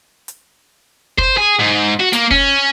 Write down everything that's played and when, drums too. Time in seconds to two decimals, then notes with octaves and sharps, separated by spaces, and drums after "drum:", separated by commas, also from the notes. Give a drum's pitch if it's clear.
0.28 drum: hi-hat
1.18 C5, drum: kick
1.37 G#4
1.59 G#2
2.00 F#4
2.13 A#3, drum: hi-hat
2.31 C#4, drum: kick